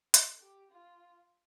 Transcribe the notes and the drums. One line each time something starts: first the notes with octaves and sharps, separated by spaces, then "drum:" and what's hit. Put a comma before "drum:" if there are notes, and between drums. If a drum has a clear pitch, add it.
A4, drum: hi-hat
G4
F4